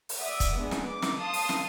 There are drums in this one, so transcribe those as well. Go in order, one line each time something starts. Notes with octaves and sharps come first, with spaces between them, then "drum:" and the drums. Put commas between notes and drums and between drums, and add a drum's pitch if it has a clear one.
drum: open hi-hat
D5 E5 F#5 D#6
drum: kick, hi-hat
G#3 B3 D4 G#4
drum: snare
D6
drum: snare
F5 A5 C6 D#6
drum: open hi-hat
drum: snare